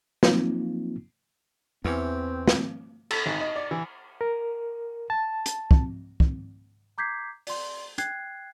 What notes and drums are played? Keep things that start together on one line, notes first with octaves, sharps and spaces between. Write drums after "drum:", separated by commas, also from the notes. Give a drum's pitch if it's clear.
F3 F#3 A#3 C4 D#4 F4, drum: snare
E2 E3 C4 C#4 G4
drum: snare
A4, drum: cymbal
G#1
D#5
D5
E3
A#4
A5
drum: hi-hat
drum: kick
drum: kick
A#5 D6 G6 G#6 B6 C7
D5 C6, drum: open hi-hat
G5 F#6 G#6 C7, drum: hi-hat